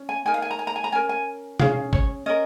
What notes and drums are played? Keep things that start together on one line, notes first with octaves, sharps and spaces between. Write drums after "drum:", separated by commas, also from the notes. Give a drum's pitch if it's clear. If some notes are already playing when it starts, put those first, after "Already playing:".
Already playing: C#4
G#5
D#4 A#4 G#5
F5
G#5
A#5
G#5
A#5
G#5
A#5
C#4 A#4 G#5
G#5
C#4 G#4 F5, drum: tom B2
C#5, drum: kick G#1
C#4 A#4 D#5